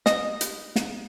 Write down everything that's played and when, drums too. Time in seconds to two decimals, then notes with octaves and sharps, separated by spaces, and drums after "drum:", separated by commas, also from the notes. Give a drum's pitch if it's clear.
0.06 D#5, drum: snare
0.41 drum: hi-hat
0.76 drum: snare